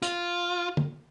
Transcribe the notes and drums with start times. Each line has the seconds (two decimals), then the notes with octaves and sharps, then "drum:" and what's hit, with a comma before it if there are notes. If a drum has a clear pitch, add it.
0.02 F4, drum: hi-hat
0.77 drum: tom